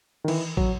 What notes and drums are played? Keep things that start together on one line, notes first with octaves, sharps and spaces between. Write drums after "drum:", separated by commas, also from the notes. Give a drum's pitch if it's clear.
D#3
E3, drum: cymbal
F#3, drum: kick